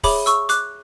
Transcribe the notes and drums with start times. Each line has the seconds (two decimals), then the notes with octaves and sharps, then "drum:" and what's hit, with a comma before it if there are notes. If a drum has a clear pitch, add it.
0.04 G#4 C#5 E5 B5 D6, drum: kick, open hi-hat
0.26 C#6 E6, drum: hi-hat
0.49 D6 F#6, drum: hi-hat